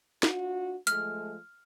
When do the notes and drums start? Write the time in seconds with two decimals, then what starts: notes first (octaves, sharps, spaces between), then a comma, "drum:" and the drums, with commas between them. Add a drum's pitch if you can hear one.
0.23 D4 F4 F#4, drum: snare
0.87 F3 G#3 A3 F6, drum: hi-hat